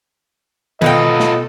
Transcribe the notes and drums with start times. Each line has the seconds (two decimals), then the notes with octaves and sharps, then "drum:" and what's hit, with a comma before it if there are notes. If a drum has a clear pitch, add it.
0.82 B2 F4 A4 B4 D#5 F5 G5, drum: tom D#3
1.20 drum: snare